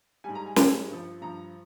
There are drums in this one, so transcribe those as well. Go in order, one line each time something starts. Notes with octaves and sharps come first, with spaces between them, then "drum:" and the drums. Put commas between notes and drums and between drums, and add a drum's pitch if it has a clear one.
G#2 G3 G#5
A#5
G#5
G#2 G3 G#5, drum: snare
G2 F3
G2 F3 A#5